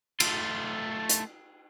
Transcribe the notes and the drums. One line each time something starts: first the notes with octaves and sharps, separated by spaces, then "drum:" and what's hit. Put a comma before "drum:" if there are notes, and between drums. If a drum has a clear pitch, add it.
A3 F4, drum: cymbal
drum: hi-hat